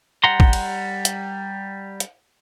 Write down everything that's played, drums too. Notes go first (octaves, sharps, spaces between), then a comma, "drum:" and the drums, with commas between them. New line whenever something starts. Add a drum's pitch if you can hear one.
G3 F#5 A#5 C6
drum: kick A1
drum: cymbal
drum: hi-hat
drum: hi-hat